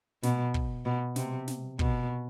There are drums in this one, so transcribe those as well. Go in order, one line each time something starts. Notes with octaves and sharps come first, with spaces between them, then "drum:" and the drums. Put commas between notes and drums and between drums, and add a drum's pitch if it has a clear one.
B2, drum: snare
drum: kick
B2
C3, drum: snare
drum: snare
B2, drum: kick